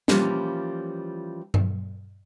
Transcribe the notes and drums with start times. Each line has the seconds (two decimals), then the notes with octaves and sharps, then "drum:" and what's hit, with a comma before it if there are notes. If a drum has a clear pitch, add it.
0.08 E3 F3 G3 A#3 C#4 F4, drum: snare
1.54 drum: tom G2